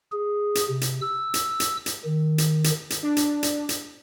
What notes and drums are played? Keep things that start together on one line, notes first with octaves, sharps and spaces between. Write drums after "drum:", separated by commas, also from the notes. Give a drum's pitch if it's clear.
G#4
drum: hi-hat
C3
drum: hi-hat
E6
drum: hi-hat
drum: hi-hat
drum: hi-hat
D#3
drum: hi-hat
drum: hi-hat
drum: hi-hat
D4
drum: hi-hat
drum: hi-hat
drum: hi-hat